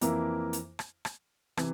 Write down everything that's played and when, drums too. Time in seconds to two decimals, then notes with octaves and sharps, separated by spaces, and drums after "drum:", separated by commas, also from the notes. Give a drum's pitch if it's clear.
0.01 F2 E3 A#3 E4 A#4, drum: hi-hat
0.53 drum: hi-hat
0.79 drum: rim click
1.05 drum: rim click
1.57 C3 E3, drum: rim click